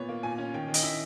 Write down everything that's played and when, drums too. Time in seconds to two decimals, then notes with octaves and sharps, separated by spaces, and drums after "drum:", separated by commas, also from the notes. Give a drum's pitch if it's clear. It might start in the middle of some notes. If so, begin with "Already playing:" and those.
Already playing: A#2 B3 C#5
0.09 A#3
0.23 A#2 G#5
0.38 C#4
0.54 D#3 G5
0.68 D#3
0.74 D#5, drum: hi-hat
0.83 E4 E5